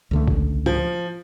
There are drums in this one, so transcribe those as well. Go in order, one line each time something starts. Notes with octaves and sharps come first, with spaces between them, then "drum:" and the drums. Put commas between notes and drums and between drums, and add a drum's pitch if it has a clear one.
C#2 D3 A3
drum: kick
F3, drum: tom G#2